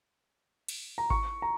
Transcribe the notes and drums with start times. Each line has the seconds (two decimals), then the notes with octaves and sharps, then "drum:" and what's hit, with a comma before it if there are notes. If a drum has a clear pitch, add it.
0.69 drum: cymbal
0.98 A#5
1.10 C#6, drum: kick G#1
1.42 A#5